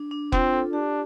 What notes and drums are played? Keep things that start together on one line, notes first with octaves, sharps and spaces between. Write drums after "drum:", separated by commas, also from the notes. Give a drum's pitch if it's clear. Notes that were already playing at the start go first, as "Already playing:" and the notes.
Already playing: D4
D4
C4 F4, drum: kick F1
A4
D4 G4